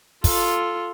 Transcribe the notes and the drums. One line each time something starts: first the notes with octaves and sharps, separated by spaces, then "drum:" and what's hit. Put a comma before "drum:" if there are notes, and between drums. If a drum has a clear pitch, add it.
F4 A4, drum: kick, open hi-hat